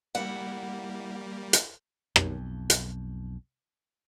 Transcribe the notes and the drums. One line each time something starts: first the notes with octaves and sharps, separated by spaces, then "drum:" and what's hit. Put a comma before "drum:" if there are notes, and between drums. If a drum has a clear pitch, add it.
G3 A#3 E4 F#5
drum: hi-hat
B1 F2, drum: rim click
drum: hi-hat